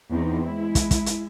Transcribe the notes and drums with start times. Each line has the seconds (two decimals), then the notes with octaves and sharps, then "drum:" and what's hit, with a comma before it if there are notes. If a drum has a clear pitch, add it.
0.11 E2 C4 D#4
0.44 G#3 E4
0.75 drum: kick, hi-hat
0.91 drum: kick, hi-hat
1.06 drum: hi-hat